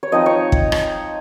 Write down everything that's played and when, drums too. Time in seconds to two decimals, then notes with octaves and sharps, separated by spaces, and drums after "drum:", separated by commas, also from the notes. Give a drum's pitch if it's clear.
0.03 C#5
0.12 F3 C4 D#4 D#5
0.26 C#5
0.52 drum: kick
0.72 drum: rim click